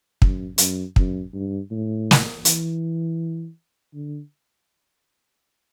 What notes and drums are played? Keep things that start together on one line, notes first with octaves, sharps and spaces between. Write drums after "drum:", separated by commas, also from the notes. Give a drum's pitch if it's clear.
F#2, drum: kick
F#2, drum: hi-hat
F#2, drum: kick
G2
A2
drum: snare
E3, drum: hi-hat
D3